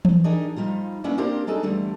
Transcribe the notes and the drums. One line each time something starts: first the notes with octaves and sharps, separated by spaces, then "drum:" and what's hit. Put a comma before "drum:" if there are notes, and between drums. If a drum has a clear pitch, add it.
drum: tom E3
D4 D#4 G4 G#4 A#4 D#5
F3 G3 D#4 F4
A#3 B3 C#4 D4 E4
A#3 C4 D4 G4 A#4 C5
D4 D#4 G#4 A4
E2 D3 G3 A3